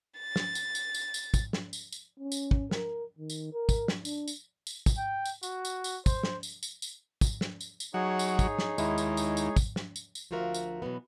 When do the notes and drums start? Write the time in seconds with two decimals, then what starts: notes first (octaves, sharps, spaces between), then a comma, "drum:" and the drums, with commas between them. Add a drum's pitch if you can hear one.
0.19 A6
0.36 drum: snare
0.55 drum: tambourine
0.75 drum: tambourine
0.94 drum: tambourine
1.14 drum: tambourine
1.34 drum: kick, tambourine
1.53 drum: snare
1.73 drum: tambourine
1.92 drum: tambourine
2.20 C#4
2.32 drum: tambourine
2.51 drum: kick
2.71 A#4, drum: snare
3.18 D#3
3.30 drum: tambourine
3.53 A#4
3.69 drum: kick, tambourine
3.88 drum: snare
4.05 D4, drum: tambourine
4.28 drum: tambourine
4.67 drum: tambourine
4.86 drum: kick, tambourine
4.98 G5
5.25 drum: tambourine
5.43 F#4, drum: tambourine
5.65 drum: tambourine
5.84 drum: tambourine
6.06 C5, drum: kick, tambourine
6.23 drum: snare
6.43 drum: tambourine
6.63 drum: tambourine
6.82 drum: tambourine
7.21 drum: kick, tambourine
7.41 drum: snare
7.61 drum: tambourine
7.80 drum: tambourine
7.94 F#3 D#4 G#4 C#5
8.19 drum: tambourine
8.39 drum: kick, tambourine
8.59 drum: snare
8.78 D#2 G#3 E4, drum: tambourine
8.98 drum: tambourine
9.17 drum: tambourine
9.37 drum: tambourine
9.56 drum: kick, tambourine
9.76 drum: snare
9.96 drum: tambourine
10.15 drum: tambourine
10.31 D2 F3 F4 F#4 A#4 E5
10.54 drum: tambourine
10.82 B2 E3 F#3 B3